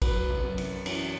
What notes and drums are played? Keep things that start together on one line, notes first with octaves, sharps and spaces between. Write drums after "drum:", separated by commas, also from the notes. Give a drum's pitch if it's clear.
F#3 F#4 B4, drum: kick, cymbal
drum: tom C3
F#2
drum: cymbal
E3 C#4 F#4, drum: cymbal